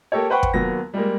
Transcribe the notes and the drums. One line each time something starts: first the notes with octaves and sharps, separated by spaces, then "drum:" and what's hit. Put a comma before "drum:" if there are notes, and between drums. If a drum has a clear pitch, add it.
A#3 G4 A4 C#5
B4 C5 F#5 G5 B5 C#6
drum: kick
D#2 F#3 A#3 B3 A#6
G3 G#3 A#3